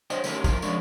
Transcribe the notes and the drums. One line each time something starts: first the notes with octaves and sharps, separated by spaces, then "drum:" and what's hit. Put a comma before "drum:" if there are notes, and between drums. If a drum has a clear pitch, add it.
C5 C#5 D#5 G5, drum: tambourine
D#3 A3 C#4 G4 A#4, drum: tambourine
A#2 D#3 F3 A3 F4 A#4, drum: kick, tambourine
F3 G#3 C#4 D4 A#4 C#5, drum: tambourine